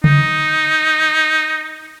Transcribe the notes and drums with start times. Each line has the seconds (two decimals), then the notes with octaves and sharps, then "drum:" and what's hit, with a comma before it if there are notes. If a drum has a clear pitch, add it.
0.04 D#4, drum: tom C#3